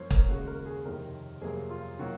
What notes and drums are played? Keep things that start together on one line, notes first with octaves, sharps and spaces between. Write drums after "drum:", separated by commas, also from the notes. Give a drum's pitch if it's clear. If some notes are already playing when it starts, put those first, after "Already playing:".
Already playing: F#2 F3 A#3 C5 C#5
A#4, drum: kick
D#2 C#3 G#3 F#4
A#4
G#4
F2 C3 D#3 A#4
F2 C3 F#3 A#3 G#4
F4
D#3 F#3 A#3 F#4